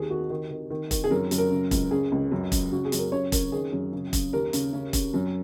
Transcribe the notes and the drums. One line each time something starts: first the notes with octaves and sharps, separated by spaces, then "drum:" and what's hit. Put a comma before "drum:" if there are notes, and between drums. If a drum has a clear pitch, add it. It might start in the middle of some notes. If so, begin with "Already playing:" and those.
Already playing: D#2 D#3 G#4
D#3 F#4
D#3
D#3
D#3
D#3, drum: kick E1, hi-hat
G#4
F#2 A#4
F#2, drum: hi-hat
A#4
C#3
C#2, drum: kick E1, hi-hat
C#3 G#4
C#2
F#2
C#3, drum: kick E1, hi-hat
C#3 F#4
G#4
F#2, drum: hi-hat
A#4
C#3 C#5
C#3 A#4, drum: kick E1, hi-hat
D#3 G#4
F#2
C#3
C#3, drum: kick E1, hi-hat
D#2 A#4
C#3, drum: hi-hat
C#3
C#3, drum: kick E1, hi-hat
F#2